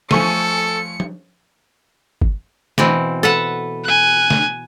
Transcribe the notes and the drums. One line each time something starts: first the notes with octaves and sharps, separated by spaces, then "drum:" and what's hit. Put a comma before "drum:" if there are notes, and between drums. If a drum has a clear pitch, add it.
F3 A3 A4 G#5 C#6 C#7 D#7, drum: snare
drum: tom F3
drum: kick G1
B2 E3 C4, drum: snare
A4 B4 F#5
G#5 F#6
drum: snare